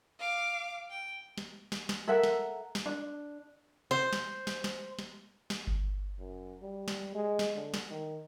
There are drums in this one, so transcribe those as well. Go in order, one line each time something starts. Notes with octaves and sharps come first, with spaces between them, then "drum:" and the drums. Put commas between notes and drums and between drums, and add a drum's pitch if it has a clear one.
F5 D6
G5
drum: snare
drum: snare
drum: snare
A4 A#4 E5 F#5
drum: snare
drum: snare
D4
C5
drum: snare
drum: snare
drum: snare
drum: snare
drum: snare
drum: kick G1
F#2
G3
drum: snare
G#3
drum: snare
D3
drum: snare
D#3